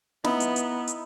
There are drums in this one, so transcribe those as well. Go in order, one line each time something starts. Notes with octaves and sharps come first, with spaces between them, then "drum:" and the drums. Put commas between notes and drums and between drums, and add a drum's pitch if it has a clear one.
B3 D#4 E4 B5, drum: snare
drum: hi-hat
drum: hi-hat
drum: hi-hat